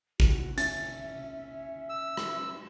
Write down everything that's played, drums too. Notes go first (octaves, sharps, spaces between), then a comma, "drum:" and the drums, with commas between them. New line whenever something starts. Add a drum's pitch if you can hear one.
F#4, drum: kick
C#4 E5 A6, drum: hi-hat
E6
drum: rim click